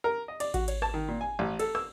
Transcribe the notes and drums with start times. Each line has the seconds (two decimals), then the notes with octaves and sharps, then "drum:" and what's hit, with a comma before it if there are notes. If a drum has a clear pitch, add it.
0.04 A#4
0.28 D#5
0.40 D5, drum: cymbal
0.54 F#4, drum: kick A1, cymbal
0.68 C#5, drum: cymbal
0.82 A5, drum: rim click
0.94 D#3
1.08 A#2
1.21 G#5
1.39 A1
1.59 A4, drum: cymbal
1.75 E6, drum: rim click